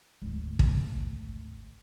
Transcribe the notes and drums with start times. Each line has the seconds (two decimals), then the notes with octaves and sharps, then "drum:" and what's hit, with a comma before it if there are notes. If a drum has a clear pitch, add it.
0.22 G#1 D2
0.59 drum: kick